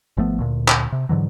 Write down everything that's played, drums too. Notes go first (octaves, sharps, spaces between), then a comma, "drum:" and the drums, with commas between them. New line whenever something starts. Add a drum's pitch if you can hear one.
G#1 F3 A3 B3
D2 A#2
drum: clap
C3
G#2 D3 E3 F#3